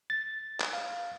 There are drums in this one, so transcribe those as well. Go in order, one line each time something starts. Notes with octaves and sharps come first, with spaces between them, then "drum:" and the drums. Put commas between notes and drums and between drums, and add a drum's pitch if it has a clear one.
A6
drum: clap
F5